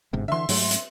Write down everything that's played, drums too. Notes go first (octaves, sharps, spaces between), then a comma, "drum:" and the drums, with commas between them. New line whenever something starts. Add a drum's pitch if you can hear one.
G1 G#2 C3
D3 E3 E5 C6
G#2 F#3 A3, drum: open hi-hat
drum: hi-hat